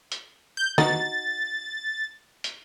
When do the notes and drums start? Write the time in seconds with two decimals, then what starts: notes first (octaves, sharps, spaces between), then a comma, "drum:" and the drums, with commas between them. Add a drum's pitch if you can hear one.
0.12 drum: hi-hat
0.57 G6
0.78 D#4 F#4 A6, drum: snare
2.44 drum: hi-hat